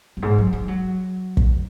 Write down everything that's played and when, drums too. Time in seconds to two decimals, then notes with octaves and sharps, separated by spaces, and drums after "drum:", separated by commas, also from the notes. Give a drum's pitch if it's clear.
0.17 F#2
0.22 G#2
0.38 F#3
0.53 G#3
0.68 F#3
1.37 drum: kick